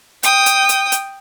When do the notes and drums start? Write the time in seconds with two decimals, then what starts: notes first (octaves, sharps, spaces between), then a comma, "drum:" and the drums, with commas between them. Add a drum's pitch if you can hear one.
0.23 G5 D#6, drum: hi-hat
0.46 drum: hi-hat
0.69 drum: hi-hat
0.92 drum: hi-hat